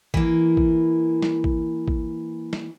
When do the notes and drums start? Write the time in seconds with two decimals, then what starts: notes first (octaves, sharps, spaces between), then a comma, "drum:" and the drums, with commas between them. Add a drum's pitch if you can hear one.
0.14 E3 A#3, drum: kick
0.57 drum: kick
1.22 drum: snare
1.44 drum: kick
1.88 drum: kick
2.53 drum: snare